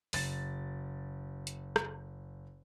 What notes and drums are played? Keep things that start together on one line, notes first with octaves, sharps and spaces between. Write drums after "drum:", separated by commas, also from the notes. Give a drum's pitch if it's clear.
F#1 A6, drum: open hi-hat
drum: hi-hat
drum: rim click